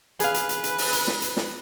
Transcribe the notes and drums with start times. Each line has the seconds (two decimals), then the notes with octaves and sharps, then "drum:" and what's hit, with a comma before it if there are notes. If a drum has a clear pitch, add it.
0.20 G#4 B4 F5, drum: hi-hat
0.34 drum: hi-hat
0.49 drum: hi-hat
0.64 drum: hi-hat
0.78 drum: open hi-hat
0.93 drum: hi-hat
1.07 drum: snare
1.22 drum: hi-hat
1.37 drum: snare